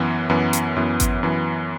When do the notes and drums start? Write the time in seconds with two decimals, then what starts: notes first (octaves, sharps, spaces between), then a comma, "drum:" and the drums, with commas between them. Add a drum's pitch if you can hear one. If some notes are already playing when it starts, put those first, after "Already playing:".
Already playing: F#2 E3 B3
0.30 F#2 E3 B3
0.53 drum: hi-hat
0.76 F#2 E3 B3
1.00 drum: kick G#1, hi-hat
1.23 F#2 E3 B3